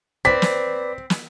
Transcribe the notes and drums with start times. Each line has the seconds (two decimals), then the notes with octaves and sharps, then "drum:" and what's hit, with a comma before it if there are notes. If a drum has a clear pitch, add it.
0.25 C4 B4 D5 B6
0.42 drum: snare
1.10 drum: snare